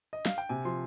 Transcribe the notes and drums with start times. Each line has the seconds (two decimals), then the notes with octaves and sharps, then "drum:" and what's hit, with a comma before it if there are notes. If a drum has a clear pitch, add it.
0.13 D#5
0.26 F5, drum: snare
0.38 G5
0.49 C3 G#5
0.65 F3 C6